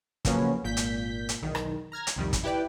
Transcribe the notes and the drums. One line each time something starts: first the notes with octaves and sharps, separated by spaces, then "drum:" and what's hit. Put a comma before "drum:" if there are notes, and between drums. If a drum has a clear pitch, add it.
C#3 F3 F#3 A#3 B3 C#4, drum: kick, hi-hat
G#1 A#2 G6 B6
drum: hi-hat
drum: hi-hat
B1 E2 D#3
drum: rim click
A#5 F6 G#6 A#6
drum: hi-hat
C2 F2 D#3 G3
drum: kick, hi-hat
E4 G4 B4 D5 G5